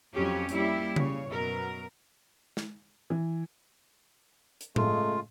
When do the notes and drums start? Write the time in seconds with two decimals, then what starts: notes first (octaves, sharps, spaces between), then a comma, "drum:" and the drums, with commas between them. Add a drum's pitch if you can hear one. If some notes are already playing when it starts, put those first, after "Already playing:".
0.13 F2 F#3 C#4 G4 C#5
0.49 G3 A#3 E4 G4, drum: hi-hat
0.96 C#3 C#5, drum: tom C#3
1.27 F#2 B2 A#4
2.57 drum: snare
3.10 E3
4.61 drum: hi-hat
4.76 C#3 G#3 A3 F4, drum: tom A2